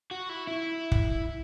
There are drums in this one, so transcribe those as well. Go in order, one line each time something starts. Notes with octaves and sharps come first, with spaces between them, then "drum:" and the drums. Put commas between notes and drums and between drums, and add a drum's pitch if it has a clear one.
F#4
E4
E4
drum: kick